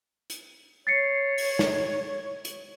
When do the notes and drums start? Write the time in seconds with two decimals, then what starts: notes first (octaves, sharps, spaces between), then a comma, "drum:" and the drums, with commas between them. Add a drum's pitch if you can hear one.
0.30 drum: hi-hat
0.87 C#5 A6 C7 C#7
1.38 drum: open hi-hat
1.59 drum: snare
2.45 drum: hi-hat